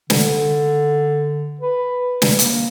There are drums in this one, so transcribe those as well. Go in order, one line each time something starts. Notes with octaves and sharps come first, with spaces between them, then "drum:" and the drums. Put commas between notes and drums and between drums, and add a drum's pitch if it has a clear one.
D3, drum: snare
B4
drum: snare
A#3, drum: hi-hat